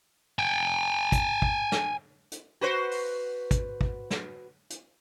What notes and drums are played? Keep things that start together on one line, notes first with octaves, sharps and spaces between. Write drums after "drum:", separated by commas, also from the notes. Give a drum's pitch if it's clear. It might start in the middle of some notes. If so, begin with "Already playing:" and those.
G5 G#5
drum: kick, hi-hat
drum: kick
drum: snare
drum: hi-hat
F#4 B4 C5
drum: open hi-hat
drum: kick, hi-hat
drum: kick
drum: snare
drum: hi-hat